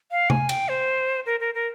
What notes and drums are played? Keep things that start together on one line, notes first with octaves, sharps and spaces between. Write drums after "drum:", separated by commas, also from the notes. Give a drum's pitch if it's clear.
F5
G#5, drum: tom C3
G5, drum: cymbal
C5
A#4
A#4
A#4